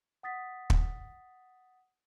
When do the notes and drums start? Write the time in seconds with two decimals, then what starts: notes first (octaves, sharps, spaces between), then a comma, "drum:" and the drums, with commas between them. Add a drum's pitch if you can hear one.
0.23 F#5 D#6 A6 B6
0.70 drum: kick